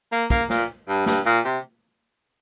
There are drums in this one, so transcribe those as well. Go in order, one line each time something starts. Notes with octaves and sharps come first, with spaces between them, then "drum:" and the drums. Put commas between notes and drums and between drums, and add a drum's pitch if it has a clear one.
A#3
A#3, drum: kick
A#2, drum: snare
G2
G2, drum: snare
A#2
C3